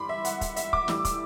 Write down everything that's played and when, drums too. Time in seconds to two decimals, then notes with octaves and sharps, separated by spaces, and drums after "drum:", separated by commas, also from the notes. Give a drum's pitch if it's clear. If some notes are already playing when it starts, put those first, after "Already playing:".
Already playing: G2 E3 G3 B5 C6 D6
0.09 E5
0.25 F#5, drum: hi-hat
0.41 F#5, drum: kick, hi-hat
0.56 E5, drum: hi-hat
0.73 D6, drum: kick
0.88 A2 E3 G3 E6, drum: snare
1.05 D6, drum: kick, hi-hat